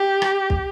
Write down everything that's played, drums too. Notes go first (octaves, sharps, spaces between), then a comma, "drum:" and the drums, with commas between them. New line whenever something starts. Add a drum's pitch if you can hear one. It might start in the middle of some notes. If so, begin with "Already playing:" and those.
Already playing: G4
drum: rim click
drum: kick